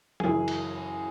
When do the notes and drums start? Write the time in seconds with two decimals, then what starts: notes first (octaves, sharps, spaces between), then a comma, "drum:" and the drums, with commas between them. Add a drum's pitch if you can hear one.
0.20 F#2 C#3 E3 G#4, drum: tom
0.48 drum: cymbal